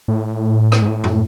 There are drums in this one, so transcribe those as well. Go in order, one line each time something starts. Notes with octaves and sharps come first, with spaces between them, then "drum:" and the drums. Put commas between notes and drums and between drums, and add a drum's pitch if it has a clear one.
A2
drum: rim click
G#2
A2
drum: tom F#2